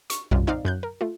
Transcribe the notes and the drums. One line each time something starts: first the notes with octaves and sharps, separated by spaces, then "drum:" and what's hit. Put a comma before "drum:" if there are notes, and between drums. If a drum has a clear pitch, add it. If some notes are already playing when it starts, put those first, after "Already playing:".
C#6, drum: hi-hat
C2 F#2 G3 F4, drum: kick B1
C4 D#4 D5 F5
F#2 F#6 G6
A#4
A3 F4